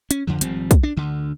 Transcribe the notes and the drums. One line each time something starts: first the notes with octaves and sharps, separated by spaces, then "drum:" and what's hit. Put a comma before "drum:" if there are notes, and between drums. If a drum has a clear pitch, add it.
C#4, drum: hi-hat
F2 D3 F3
G#1 F3 G3 C4, drum: hi-hat
drum: kick, hi-hat
D4
D2 D3